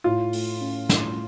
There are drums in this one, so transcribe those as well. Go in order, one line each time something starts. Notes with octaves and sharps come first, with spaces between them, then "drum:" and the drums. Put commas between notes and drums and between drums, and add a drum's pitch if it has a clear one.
A2 F4
A3, drum: open hi-hat
C#4
A2, drum: snare